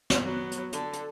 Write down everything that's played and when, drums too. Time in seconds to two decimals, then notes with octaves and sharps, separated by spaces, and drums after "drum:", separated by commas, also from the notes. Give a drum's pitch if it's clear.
0.10 drum: snare
0.24 F#3 B3
0.52 drum: hi-hat
0.72 D3 A4, drum: hi-hat
0.93 drum: hi-hat